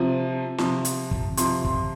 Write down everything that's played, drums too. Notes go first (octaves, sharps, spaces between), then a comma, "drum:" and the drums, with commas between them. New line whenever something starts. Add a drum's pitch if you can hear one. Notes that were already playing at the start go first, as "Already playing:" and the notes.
Already playing: C3 F3
C3 F3, drum: snare
drum: hi-hat
drum: kick
C3 F3 C6, drum: hi-hat
drum: kick